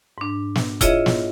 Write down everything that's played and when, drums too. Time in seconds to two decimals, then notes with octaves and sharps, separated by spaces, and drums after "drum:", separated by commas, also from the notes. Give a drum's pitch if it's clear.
0.18 G#2 D4
0.55 drum: snare
0.81 E4 F4 G#4 C#5 D#5 E5, drum: kick E1, hi-hat
1.06 drum: snare